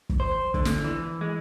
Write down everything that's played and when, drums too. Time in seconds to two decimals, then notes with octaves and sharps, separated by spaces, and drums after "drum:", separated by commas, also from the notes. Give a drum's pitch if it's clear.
0.09 drum: kick
0.20 C5
0.54 D3, drum: kick
0.65 drum: snare
0.84 E3
1.21 G#3